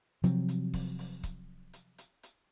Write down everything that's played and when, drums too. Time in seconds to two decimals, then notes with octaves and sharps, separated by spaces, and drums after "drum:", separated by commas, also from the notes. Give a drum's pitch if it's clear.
0.24 C3 F3 F#3 C4, drum: hi-hat
0.49 drum: hi-hat
0.74 drum: kick C#1, open hi-hat
0.98 drum: open hi-hat
1.23 drum: kick C#1, hi-hat
1.73 drum: hi-hat
1.98 drum: hi-hat
2.23 drum: hi-hat